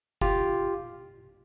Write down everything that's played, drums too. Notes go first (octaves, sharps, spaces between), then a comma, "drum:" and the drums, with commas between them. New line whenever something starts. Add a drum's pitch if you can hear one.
F4 G4, drum: kick F#1